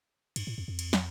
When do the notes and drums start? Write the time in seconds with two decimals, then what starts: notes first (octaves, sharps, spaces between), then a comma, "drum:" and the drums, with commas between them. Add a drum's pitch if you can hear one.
0.36 G2, drum: cymbal
0.47 A2
0.58 F2
0.68 F2
0.79 drum: cymbal
0.93 drum: snare